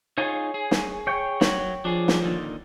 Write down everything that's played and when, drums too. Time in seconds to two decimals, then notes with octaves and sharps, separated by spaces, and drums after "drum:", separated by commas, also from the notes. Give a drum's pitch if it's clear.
0.18 D#4 F4 G#4 C#5 G#5
0.54 G#4
0.71 drum: snare
1.07 C#5 G5
1.41 F#3, drum: snare
1.85 F3 D4 G#4
2.08 drum: snare
2.22 A#2 D3 D#3